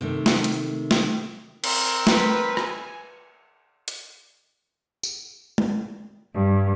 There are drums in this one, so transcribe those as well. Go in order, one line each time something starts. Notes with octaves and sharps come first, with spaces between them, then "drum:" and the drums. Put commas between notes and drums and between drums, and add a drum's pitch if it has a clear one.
C3 D#3 A3
drum: snare
drum: hi-hat
drum: snare
C4 A#4, drum: cymbal
B4 B5, drum: snare
G#5, drum: rim click
drum: hi-hat
drum: tambourine
drum: tom G#3
G2